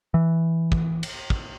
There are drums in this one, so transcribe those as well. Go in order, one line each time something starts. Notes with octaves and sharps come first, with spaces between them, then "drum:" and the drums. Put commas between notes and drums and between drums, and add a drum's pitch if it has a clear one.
E3
drum: kick
drum: cymbal
drum: kick